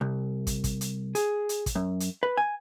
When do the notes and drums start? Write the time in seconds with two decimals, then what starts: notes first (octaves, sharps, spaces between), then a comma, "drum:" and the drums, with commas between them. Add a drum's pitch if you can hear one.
0.01 C2
0.47 drum: kick, hi-hat
0.64 drum: kick, hi-hat
0.81 drum: hi-hat
1.15 G#4, drum: hi-hat
1.49 drum: hi-hat
1.66 drum: kick, hi-hat
1.75 F#2
2.00 drum: hi-hat
2.23 B4
2.37 G#5